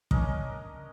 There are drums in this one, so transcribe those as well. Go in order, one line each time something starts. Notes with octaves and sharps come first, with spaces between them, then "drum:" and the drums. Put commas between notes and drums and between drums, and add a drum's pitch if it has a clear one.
C#4 D4 A#4 D#5, drum: kick